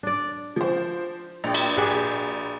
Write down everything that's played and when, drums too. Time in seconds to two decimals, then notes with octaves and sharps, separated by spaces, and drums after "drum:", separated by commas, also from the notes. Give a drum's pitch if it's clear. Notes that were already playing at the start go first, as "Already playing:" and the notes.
0.03 D4 D5
0.56 F3 C5
1.44 A#1 G5
1.54 drum: cymbal
1.77 G4 G#4 F#5